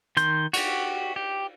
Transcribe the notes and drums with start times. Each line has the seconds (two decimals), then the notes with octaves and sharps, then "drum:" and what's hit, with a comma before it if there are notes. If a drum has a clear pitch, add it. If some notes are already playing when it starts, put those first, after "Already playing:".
0.17 D#3 C6 G6, drum: hi-hat
0.53 F#4 G4, drum: cymbal
1.16 G4